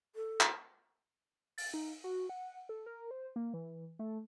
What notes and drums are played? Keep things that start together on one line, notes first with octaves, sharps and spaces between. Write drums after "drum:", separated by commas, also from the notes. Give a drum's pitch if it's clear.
A4
drum: clap
A6, drum: open hi-hat
D#4
F#4
F#5
A4
A#4
C5
A#3
E3
A3